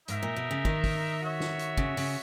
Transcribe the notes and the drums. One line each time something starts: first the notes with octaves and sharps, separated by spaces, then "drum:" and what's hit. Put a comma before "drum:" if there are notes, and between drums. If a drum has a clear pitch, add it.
G#2 D#4 A#4 E5, drum: hi-hat
A#2
B2
C#3
D#3, drum: kick
drum: kick, open hi-hat
F#4 C#5 E5
drum: snare
drum: hi-hat
C#3, drum: kick
C#3, drum: open hi-hat